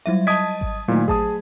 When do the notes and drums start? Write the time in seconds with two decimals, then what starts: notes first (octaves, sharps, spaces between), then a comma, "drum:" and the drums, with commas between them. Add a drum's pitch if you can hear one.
0.06 F#3 G3 E5
0.27 D#5 A5 D#6 G#6 B6
0.61 drum: kick G#1
0.88 A#2 D#3 F#3 A3
1.08 G#4 A5 D#6, drum: kick G#1